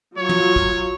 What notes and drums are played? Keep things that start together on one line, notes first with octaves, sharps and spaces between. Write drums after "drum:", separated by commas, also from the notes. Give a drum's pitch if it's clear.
F#3 F4 C#5
drum: tom
drum: kick